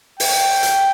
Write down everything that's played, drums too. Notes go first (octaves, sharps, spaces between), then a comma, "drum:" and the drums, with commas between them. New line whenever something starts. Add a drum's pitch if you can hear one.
G5, drum: open hi-hat
drum: hi-hat